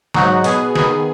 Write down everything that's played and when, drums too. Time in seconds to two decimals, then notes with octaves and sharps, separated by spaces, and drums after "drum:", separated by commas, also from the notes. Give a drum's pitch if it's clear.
0.14 G#2 F#3 D#4 F#4, drum: snare
0.44 B2 B3 G#4, drum: hi-hat
0.75 D#3 B3 G#4, drum: snare